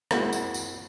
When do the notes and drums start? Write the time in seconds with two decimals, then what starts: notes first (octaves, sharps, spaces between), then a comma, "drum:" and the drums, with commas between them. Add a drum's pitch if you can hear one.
0.11 G#3 A#3 C4 E4 F#4, drum: rim click
0.33 drum: tambourine
0.54 drum: tambourine